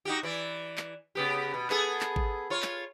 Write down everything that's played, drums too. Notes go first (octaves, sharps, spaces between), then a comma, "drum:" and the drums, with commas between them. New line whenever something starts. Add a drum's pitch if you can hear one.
D#4 F#4 G4
E3 D5
drum: clap
C#3 B3 G4
B2
B3 G#4 A4, drum: clap
drum: clap
drum: kick G#1
F4 C#5
drum: clap